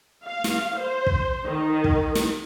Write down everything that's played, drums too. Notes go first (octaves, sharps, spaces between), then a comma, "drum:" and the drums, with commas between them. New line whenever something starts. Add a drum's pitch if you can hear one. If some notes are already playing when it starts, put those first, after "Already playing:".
F5
drum: snare
C5
drum: kick
D#3
drum: kick
drum: snare